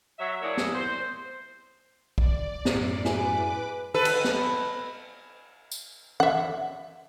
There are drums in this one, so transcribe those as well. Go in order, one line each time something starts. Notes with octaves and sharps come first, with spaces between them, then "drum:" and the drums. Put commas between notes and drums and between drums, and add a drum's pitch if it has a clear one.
F#3 E5
F#3 A#3 D4 E4 G#4 C#5
drum: snare
C5
D5, drum: kick
F#2 A2, drum: snare
E4 F#4 G#4 B4 G#5 D6, drum: snare
A4 B4
drum: cymbal
drum: snare
drum: tambourine
E5 F#5, drum: tom